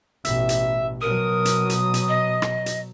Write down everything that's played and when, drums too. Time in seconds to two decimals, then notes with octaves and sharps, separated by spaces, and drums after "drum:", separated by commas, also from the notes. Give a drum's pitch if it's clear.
0.25 A1 B2 E5, drum: hi-hat
0.49 drum: hi-hat
1.01 B2 F#3 A#4 D#6
1.45 drum: hi-hat
1.70 drum: hi-hat
1.94 drum: hi-hat
2.09 D#5
2.42 drum: rim click
2.66 drum: hi-hat